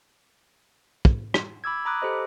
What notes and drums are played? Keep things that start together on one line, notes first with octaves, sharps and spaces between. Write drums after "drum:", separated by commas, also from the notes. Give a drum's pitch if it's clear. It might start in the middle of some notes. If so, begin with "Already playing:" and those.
drum: kick
drum: rim click
B5 D6 E6 G#6
A#5 B5 D6 D#6 F#6
G4 A4 C5 D#5